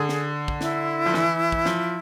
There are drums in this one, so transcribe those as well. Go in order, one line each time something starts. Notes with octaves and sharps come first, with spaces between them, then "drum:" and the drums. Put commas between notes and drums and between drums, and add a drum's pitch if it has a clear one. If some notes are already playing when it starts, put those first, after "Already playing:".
Already playing: D3 G#4
drum: snare
drum: kick
E4, drum: snare
F3
E3, drum: snare
drum: kick
F3, drum: snare